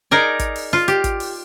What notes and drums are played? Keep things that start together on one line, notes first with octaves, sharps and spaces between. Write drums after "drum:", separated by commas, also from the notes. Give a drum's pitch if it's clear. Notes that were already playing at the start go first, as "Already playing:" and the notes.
D#4 G#4 A#4 D5
drum: kick, hi-hat
drum: open hi-hat
F4
G4, drum: hi-hat
drum: kick, hi-hat
drum: open hi-hat